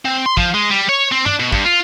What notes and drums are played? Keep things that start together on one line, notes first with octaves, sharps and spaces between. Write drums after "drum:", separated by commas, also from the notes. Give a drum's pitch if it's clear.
C4
C6
F3, drum: kick
G#3
G3
C#5
C4
D4, drum: tom
B2
G2, drum: kick
F4